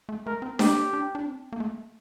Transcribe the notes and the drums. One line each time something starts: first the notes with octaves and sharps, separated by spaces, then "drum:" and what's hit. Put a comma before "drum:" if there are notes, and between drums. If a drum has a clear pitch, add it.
A3
A3 A#4
C4
D4 G4, drum: snare D4
D4
D4
C4
A#3
A3